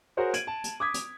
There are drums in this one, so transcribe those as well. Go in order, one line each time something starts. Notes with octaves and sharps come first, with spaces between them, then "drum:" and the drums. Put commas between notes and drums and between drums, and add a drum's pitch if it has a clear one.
F#4 G#4 A#4 C5 C#5 F#5
G#6 D7 D#7 F#7, drum: hi-hat
A5
drum: hi-hat
D6 D#6 G#6 B6
drum: hi-hat